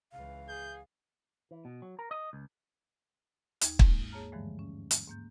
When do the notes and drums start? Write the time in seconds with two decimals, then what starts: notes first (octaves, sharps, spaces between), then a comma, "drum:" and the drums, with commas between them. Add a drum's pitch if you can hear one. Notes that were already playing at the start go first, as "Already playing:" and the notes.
0.12 C#2 E3 F5
0.49 G#4 G6
1.51 E3
1.65 B2
1.82 F#3
1.99 A#4
2.11 D#5
2.33 C#2
3.61 D#2 D#4 G#6, drum: hi-hat
3.79 G#2 G#3 A#3, drum: kick
4.12 A#3 G#4 C#5 A5 A#5 F6
4.32 G2 D3 E3 F3 G#3 A3
4.59 C#4
4.91 drum: hi-hat
5.07 G#2 A#3 G6